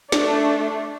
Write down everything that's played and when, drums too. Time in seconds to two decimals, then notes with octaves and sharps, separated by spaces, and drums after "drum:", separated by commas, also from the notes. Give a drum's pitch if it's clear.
0.12 A3 D4, drum: snare